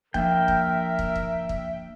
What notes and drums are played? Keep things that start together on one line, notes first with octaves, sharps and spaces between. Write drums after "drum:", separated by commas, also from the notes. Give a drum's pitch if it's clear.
F3 A#3 D4 A#4 E5 G5, drum: kick
drum: kick
drum: kick
drum: kick
drum: kick